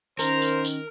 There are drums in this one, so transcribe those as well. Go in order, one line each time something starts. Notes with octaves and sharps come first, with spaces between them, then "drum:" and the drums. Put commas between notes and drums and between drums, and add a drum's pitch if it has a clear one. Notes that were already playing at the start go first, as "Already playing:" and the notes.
D#3 C#4 A#4 C5, drum: tambourine
drum: tambourine
drum: tambourine